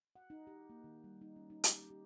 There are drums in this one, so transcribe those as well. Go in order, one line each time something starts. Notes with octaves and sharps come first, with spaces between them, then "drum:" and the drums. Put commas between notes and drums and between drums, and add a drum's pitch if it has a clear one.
F#5
D#4
G4
A#3
D#3
G3
D#4
C#4
D#4
G4, drum: hi-hat
G4